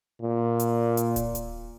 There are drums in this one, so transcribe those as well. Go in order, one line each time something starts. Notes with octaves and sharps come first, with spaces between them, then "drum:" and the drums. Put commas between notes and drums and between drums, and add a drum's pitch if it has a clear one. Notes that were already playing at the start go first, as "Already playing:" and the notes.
A#2
drum: hi-hat
drum: hi-hat
drum: kick D1, hi-hat
drum: hi-hat